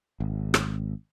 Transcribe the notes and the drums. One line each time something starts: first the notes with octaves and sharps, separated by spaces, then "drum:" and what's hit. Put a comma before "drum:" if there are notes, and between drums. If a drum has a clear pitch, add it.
G#1
drum: rim click